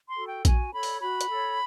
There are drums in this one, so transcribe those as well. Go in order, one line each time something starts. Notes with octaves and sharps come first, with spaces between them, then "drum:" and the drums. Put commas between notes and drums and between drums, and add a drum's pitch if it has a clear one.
C6
F#4 A4
G5
F#4 G#5, drum: kick A#1, hi-hat
A4 C#5 B5
drum: open hi-hat
F#4 B5
drum: hi-hat
A4 C#5